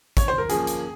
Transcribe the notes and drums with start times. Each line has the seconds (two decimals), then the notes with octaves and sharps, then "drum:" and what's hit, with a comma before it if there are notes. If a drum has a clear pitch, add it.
0.17 C#5, drum: kick, hi-hat
0.28 C5
0.38 A#4
0.49 F3 A#3 C#4 G#4, drum: hi-hat
0.67 drum: hi-hat